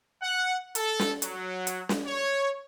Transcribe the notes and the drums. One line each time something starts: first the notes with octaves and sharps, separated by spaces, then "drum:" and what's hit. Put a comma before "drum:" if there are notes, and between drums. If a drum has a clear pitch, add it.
F#5
A4, drum: hi-hat
drum: snare
F#3, drum: hi-hat
drum: hi-hat
drum: snare
C#5